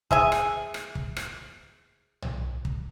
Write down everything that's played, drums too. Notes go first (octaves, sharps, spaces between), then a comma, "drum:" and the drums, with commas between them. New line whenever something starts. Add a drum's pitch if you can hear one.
G#4 E5 G#5, drum: kick
drum: rim click
drum: rim click
drum: kick
drum: rim click
drum: tom B1
drum: kick